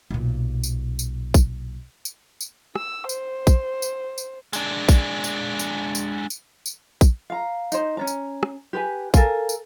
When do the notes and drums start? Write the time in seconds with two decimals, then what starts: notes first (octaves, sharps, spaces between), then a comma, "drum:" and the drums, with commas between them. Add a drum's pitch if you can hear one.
0.11 B1 A#2
0.63 drum: tambourine
0.99 drum: tambourine
1.34 drum: kick A#1, tambourine
2.05 drum: tambourine
2.41 drum: tambourine
2.76 E6, drum: rim click
3.09 C5, drum: tambourine
3.47 drum: kick A#1, tambourine
3.82 drum: tambourine
4.18 drum: tambourine
4.53 G#3 D4, drum: tambourine
4.89 drum: kick A#1, tambourine
5.24 drum: tambourine
5.59 drum: tambourine
5.95 drum: tambourine
6.30 drum: tambourine
6.66 drum: tambourine
7.01 drum: kick A#1, tambourine
7.30 F5 A#5
7.72 D#4 C5, drum: tambourine
7.97 C#4 D4 A#5
8.07 drum: tambourine
8.43 drum: rim click
8.73 G4 B4 G#5
9.14 A4 A#4 F5 G#5, drum: kick A#1, tambourine
9.49 drum: tambourine